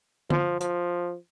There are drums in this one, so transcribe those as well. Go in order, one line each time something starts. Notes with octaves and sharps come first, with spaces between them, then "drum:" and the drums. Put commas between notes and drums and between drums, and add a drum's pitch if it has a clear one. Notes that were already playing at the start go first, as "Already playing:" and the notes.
F3, drum: tom D3
F3, drum: hi-hat